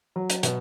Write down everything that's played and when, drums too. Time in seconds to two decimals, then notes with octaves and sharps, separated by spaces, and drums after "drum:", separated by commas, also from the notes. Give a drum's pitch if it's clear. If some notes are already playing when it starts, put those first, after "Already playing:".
0.16 F#3
0.30 drum: hi-hat
0.43 B2, drum: hi-hat